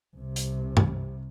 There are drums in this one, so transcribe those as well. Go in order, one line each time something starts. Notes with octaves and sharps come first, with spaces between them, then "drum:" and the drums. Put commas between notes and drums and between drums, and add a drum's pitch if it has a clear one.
C2 C3
drum: hi-hat
drum: tom G2